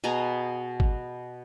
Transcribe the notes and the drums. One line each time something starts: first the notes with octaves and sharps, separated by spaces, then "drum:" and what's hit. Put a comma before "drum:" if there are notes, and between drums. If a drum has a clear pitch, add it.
B2 G#4 A#5
drum: kick G#1